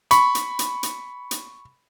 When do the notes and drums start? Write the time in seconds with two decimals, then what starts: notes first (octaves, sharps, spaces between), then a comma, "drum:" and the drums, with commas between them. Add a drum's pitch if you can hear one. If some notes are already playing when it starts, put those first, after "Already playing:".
0.11 B5 C#6, drum: hi-hat
0.35 drum: hi-hat
0.59 drum: hi-hat
0.83 drum: hi-hat
1.31 drum: hi-hat